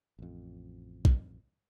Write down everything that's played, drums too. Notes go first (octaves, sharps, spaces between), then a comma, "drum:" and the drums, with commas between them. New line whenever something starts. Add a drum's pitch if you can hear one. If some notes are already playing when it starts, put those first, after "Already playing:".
A1 F2
drum: kick